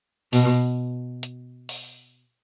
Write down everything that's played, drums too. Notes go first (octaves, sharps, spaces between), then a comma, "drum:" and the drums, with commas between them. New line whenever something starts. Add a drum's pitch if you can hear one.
B2, drum: open hi-hat
drum: hi-hat
drum: open hi-hat